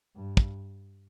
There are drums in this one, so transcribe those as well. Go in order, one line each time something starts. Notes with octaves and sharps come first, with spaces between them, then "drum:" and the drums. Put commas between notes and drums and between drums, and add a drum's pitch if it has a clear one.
G2
drum: kick